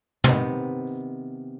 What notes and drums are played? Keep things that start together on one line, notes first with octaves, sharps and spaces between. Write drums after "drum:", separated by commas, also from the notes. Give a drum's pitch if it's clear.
C3 D#3 B3, drum: tom